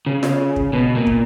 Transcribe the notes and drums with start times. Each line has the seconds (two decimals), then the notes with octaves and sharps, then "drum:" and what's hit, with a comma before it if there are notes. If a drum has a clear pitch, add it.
0.06 C#3
0.23 drum: snare F4
0.56 drum: kick
0.73 B2
0.96 A#2
1.07 drum: kick